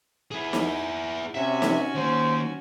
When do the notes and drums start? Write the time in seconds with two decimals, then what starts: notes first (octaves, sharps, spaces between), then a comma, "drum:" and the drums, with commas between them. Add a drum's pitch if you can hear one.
0.31 E4 G#4
0.53 drum: snare
1.35 C3 C#4 F#4 E5
1.62 drum: snare
1.95 D#3 A#3 C5